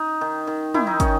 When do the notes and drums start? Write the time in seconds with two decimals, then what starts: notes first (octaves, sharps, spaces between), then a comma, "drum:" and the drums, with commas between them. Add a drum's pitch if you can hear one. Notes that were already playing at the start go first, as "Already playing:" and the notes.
Already playing: D#4
0.21 D#3
0.47 D#3
0.74 D#3 E4, drum: tom
0.87 D#4
1.00 D#3 C#4, drum: kick, hi-hat